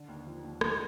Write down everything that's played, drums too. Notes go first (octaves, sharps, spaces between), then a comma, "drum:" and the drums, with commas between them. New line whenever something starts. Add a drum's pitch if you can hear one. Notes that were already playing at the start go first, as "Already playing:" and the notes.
Already playing: D3
D#2
F3
D#2
D3, drum: rim click